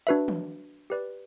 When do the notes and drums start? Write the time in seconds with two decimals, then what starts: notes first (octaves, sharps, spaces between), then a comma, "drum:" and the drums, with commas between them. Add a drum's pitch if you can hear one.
0.07 D4 F#4 B4 E5
0.28 drum: tom
0.90 G4 B4 D5